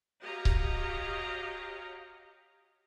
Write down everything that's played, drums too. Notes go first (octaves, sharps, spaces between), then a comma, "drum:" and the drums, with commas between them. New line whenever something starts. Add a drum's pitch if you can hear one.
F#4 G4 C#5 D#5 F5 A#5
drum: kick C#1